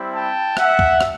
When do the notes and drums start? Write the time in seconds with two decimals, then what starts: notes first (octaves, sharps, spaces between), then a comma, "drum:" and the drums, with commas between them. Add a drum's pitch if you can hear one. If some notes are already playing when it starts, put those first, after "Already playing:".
Already playing: G3 C4 E4
0.14 G5 A5
0.57 E5 F#5, drum: rim click
0.79 drum: kick
1.01 drum: rim click